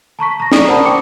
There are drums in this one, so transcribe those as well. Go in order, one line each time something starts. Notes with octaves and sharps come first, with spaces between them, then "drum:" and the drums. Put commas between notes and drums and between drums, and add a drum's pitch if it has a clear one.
A5 A#5 C#6 B6
A#5 A#6
D5 C#6 D#6, drum: snare
A#4 C5 D5 F#5 A5 B5
D5 G5 D6 C#7